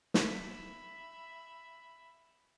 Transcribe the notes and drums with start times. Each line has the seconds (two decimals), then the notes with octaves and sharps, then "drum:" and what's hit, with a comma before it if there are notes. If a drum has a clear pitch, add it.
0.14 E5 B5, drum: snare